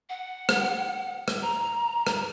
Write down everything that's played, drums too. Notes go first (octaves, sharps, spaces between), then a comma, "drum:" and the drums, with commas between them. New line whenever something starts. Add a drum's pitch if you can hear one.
F#5
drum: rim click
drum: rim click
A#5
drum: rim click